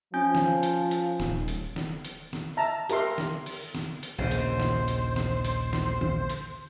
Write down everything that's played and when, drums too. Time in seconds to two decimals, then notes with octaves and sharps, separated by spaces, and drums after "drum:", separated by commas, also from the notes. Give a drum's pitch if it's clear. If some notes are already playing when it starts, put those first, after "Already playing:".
0.14 F3 C#4 G#5 G6
0.35 drum: snare
0.63 drum: hi-hat
0.91 drum: hi-hat
1.20 D#1, drum: snare
1.48 drum: hi-hat
1.76 drum: snare
2.05 drum: hi-hat
2.33 drum: snare
2.57 E5 A5 A#5
2.89 G4 A#4 E5 C6, drum: hi-hat
3.18 drum: snare
3.46 drum: open hi-hat
3.75 drum: snare
4.03 drum: hi-hat
4.18 A#1 D#2 C#3 C5
4.31 drum: hi-hat
4.60 drum: snare
4.88 drum: hi-hat
5.16 drum: snare
5.45 drum: hi-hat
5.73 drum: snare
6.01 drum: tom
6.30 drum: hi-hat